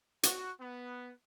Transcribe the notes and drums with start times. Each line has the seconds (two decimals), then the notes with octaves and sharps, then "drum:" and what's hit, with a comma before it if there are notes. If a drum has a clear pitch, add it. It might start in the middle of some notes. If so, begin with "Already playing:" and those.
0.23 F#4, drum: hi-hat
0.60 B3